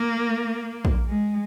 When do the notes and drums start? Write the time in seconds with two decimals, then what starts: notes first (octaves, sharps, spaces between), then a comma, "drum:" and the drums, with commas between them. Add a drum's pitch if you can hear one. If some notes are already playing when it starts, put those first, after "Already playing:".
Already playing: A#3
0.85 drum: kick
1.08 G#3